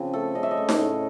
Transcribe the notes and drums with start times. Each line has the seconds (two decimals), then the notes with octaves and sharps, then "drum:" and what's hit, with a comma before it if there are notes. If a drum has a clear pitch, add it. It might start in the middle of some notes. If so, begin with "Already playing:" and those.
Already playing: C#3 F3 C4
0.13 A3 A4
0.35 C#3 D#5
0.43 E5
0.51 D#5
0.57 A3
0.69 drum: snare D#4
0.78 A2